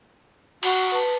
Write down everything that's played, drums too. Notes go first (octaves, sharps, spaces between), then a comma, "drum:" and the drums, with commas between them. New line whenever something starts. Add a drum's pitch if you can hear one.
F#4, drum: cymbal
B4 A5